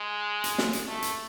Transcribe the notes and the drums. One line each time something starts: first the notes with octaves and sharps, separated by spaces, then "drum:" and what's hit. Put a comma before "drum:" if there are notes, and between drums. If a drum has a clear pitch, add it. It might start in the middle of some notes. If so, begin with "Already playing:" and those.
Already playing: G#3
drum: hi-hat
drum: snare
drum: hi-hat
A3
drum: hi-hat